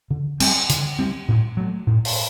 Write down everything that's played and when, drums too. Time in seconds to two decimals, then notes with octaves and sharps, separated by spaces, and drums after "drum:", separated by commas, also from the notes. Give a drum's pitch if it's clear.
0.10 D3
0.40 G3 C4, drum: cymbal
0.69 D3, drum: hi-hat
0.99 G3 C4
1.28 A2
1.57 F#3 A3
1.87 A2
2.05 drum: open hi-hat